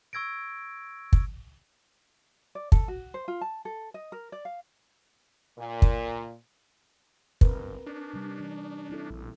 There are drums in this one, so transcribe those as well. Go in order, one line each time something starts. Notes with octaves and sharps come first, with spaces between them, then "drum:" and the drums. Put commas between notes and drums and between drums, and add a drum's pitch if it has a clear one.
C#6 E6 G#6 A#6 D7
drum: kick
D5
A4, drum: kick
F#4
C5
F4
A5
A4
D#5
A#4
D5
F5
A#2
drum: kick
G1 C4 A#4 B4, drum: kick
D4
C3 G3
E3
C4 E4 A4
A#1